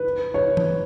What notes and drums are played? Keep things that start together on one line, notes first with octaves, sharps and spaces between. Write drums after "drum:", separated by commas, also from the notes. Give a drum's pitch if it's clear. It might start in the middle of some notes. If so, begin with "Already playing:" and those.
Already playing: B4
C#5
drum: tom